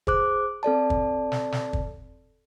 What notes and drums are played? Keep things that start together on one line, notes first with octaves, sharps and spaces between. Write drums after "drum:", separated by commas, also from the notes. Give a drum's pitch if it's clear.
G#4 C5 D6 F#6, drum: kick
C4 A4 D5 A5
drum: kick
drum: snare
drum: snare
drum: kick